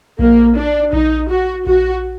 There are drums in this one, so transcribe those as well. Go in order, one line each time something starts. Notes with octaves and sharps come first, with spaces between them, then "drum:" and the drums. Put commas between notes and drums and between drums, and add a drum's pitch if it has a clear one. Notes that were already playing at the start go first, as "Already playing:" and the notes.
A#3, drum: kick A#1
D4
D#4, drum: kick A#1
F#4
F#4, drum: kick A#1